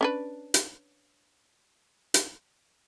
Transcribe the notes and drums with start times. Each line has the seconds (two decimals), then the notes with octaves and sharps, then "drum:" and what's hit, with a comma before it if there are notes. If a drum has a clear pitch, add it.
0.01 C#4 D4 B4
0.54 drum: hi-hat
2.14 drum: hi-hat